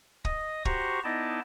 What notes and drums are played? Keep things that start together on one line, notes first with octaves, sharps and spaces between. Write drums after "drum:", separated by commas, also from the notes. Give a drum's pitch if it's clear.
D#5 D#6, drum: kick
F#4 G4 C5 A#5 C#6, drum: kick
B3 D#4 E4 D5 D#5 A5